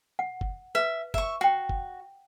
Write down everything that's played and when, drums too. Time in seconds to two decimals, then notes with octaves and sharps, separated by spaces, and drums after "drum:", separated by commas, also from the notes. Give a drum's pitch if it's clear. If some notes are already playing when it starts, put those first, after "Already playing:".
0.19 F#5
0.41 drum: kick
0.75 B4 E5
1.14 E5 C#6, drum: kick
1.41 F#4 F#5 G5
1.69 drum: kick